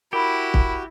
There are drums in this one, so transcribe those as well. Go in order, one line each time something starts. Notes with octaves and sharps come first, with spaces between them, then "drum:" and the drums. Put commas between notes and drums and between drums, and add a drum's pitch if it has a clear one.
E4 F#4 G4 A#4 B5
drum: kick